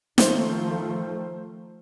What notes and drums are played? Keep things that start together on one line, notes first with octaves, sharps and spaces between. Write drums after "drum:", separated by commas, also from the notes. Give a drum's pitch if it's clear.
D#3 F3 A3 C5 G7, drum: snare